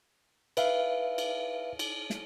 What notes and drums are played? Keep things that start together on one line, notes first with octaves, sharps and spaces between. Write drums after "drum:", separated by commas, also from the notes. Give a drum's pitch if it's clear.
B4 E5 F5, drum: cymbal
drum: cymbal
drum: cymbal
drum: snare